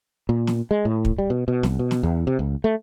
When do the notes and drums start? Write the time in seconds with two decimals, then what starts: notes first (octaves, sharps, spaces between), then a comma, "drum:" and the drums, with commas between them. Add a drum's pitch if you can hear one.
0.29 A#2
0.47 drum: snare
0.71 G#3
0.85 A2
1.05 drum: kick
1.18 G3
1.30 B2
1.48 B2
1.63 C2, drum: snare
1.79 B2
1.91 drum: snare
2.03 E2
2.27 C3
2.39 C#2
2.64 A3